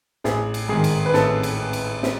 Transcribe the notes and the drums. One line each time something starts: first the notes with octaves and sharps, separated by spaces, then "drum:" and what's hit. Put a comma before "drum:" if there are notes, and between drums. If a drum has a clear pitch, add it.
A1 G#4, drum: snare
drum: cymbal
G#2 D#3 G#4
drum: cymbal
B4
A1 A4, drum: snare
drum: cymbal
drum: cymbal
drum: snare